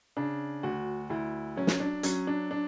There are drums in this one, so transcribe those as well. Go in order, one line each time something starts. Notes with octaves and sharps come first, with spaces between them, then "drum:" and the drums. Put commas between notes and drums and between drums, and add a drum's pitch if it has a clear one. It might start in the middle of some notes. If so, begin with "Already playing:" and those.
C#3 D4
D2 F#4
D2 E4
F#3 C#4
drum: snare
D4
F#3 C#4, drum: hi-hat
D4
D4